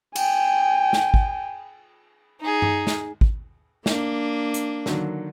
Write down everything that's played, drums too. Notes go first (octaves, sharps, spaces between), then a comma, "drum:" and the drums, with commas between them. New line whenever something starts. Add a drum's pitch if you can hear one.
G5 G#5, drum: cymbal
drum: snare
drum: kick
D#4 G#4
drum: tom G2
drum: snare
drum: kick
A#3 D4, drum: snare
drum: hi-hat
D3 D#3 F#3, drum: snare